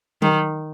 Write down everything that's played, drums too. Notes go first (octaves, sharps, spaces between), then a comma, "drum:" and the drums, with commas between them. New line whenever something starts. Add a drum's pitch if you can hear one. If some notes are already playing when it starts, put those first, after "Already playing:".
D#3, drum: tom F#3